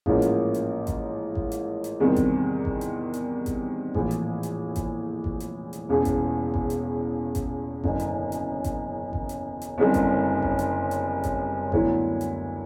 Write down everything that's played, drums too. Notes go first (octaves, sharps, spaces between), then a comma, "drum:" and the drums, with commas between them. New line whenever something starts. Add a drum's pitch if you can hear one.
A1 G#2 F3 A#3 C#4, drum: kick G#1
drum: hi-hat
drum: hi-hat
drum: kick G#1, hi-hat
drum: kick G#1
drum: hi-hat
drum: hi-hat
E2 C3 D#3 G3 C4
drum: kick G#1, hi-hat
drum: kick G#1
drum: hi-hat
drum: hi-hat
drum: kick G#1, hi-hat
A#1 A2 E3, drum: kick G#1
drum: hi-hat
drum: hi-hat
drum: kick G#1, hi-hat
drum: kick G#1
drum: hi-hat
drum: hi-hat
E1 E2 C#3
drum: kick G#1, hi-hat
drum: kick G#1
drum: hi-hat
drum: kick G#1, hi-hat
F#1 F#2 D3, drum: kick G#1
drum: hi-hat
drum: hi-hat
drum: kick G#1, hi-hat
drum: kick G#1
drum: hi-hat
drum: hi-hat
F#1 F#2 D3 G3 C4
drum: kick G#1, hi-hat
drum: kick G#1
drum: hi-hat
drum: hi-hat
drum: kick G#1, hi-hat
D2 D3 F#3 B3 E4, drum: kick G#1
drum: hi-hat